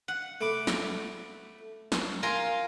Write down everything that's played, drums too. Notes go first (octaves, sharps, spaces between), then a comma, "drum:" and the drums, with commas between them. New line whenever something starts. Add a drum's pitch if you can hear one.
F#5
A3 B5 D6
drum: snare
drum: snare
F4 A#4 G#5